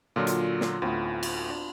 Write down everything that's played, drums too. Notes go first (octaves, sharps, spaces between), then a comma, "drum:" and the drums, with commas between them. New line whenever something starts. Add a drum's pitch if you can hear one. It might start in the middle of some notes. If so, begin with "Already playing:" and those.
A#2 D3 F#3 F4 D#5
drum: hi-hat
drum: snare
D2 A2 B3 C4 D#4
drum: cymbal
D4